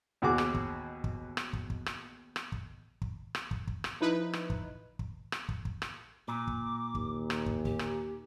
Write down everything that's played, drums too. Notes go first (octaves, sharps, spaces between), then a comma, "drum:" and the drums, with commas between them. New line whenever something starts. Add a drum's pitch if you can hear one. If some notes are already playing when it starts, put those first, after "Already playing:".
D#2 B2 F#4 G#4 D6
drum: rim click
drum: kick
drum: kick
drum: rim click
drum: kick
drum: kick
drum: rim click
drum: rim click
drum: kick
drum: kick
drum: rim click
drum: kick
drum: kick
drum: rim click
F3 D#4 E4 B4
drum: rim click
drum: kick
drum: kick
drum: rim click
drum: kick
drum: kick
drum: rim click
A#2 D6
drum: kick
D#2, drum: kick
drum: rim click
drum: kick
G4, drum: kick
drum: rim click